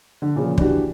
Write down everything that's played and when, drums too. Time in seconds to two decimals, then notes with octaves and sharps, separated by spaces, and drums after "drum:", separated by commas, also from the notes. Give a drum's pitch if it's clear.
0.22 D3
0.36 A#2 C#3 F3
0.58 E3 D4 F#4 G4, drum: kick